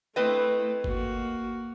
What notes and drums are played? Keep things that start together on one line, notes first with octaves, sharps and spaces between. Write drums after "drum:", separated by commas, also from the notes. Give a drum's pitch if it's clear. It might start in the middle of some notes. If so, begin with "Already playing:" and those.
A3 C4 E4 B4 D#5
A#3 F#4, drum: kick G1